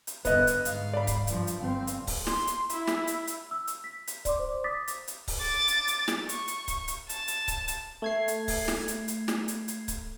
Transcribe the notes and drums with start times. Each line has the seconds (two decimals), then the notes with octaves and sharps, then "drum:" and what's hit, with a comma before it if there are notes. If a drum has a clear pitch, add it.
0.07 drum: hi-hat
0.25 G2 D3 B3 D#5 F#6, drum: kick C#1, hi-hat
0.47 drum: hi-hat
0.65 G#2 F5, drum: hi-hat
0.93 D5 B5
1.07 drum: kick C#1, hi-hat
1.27 G2 F3, drum: hi-hat
1.47 drum: hi-hat
1.59 G1 C4 F5
1.87 drum: hi-hat
2.07 drum: kick C#1, open hi-hat
2.27 C6, drum: snare
2.47 drum: hi-hat
2.70 E4, drum: hi-hat
2.87 drum: snare
3.07 drum: hi-hat
3.27 drum: hi-hat
3.51 E6
3.67 drum: hi-hat
3.84 B6
4.07 drum: hi-hat
4.25 D5 C6 D6, drum: kick C#1, hi-hat
4.39 C5
4.64 D6 D#6 A6 B6
4.88 drum: hi-hat
5.08 drum: hi-hat
5.28 drum: kick C#1, open hi-hat
5.40 D6 A6
5.68 drum: hi-hat
5.88 drum: hi-hat
6.08 drum: snare
6.29 C#6, drum: hi-hat
6.48 drum: hi-hat
6.68 drum: kick C#1, hi-hat
6.88 drum: hi-hat
7.09 A5, drum: hi-hat
7.28 drum: hi-hat
7.48 drum: kick C#1, hi-hat
7.68 drum: hi-hat
8.02 A3 G#6 C7
8.28 drum: hi-hat
8.48 drum: kick C#1, open hi-hat
8.68 drum: snare
8.88 drum: hi-hat
9.08 drum: hi-hat
9.28 drum: snare
9.48 drum: hi-hat
9.68 drum: hi-hat
9.88 drum: kick C#1, hi-hat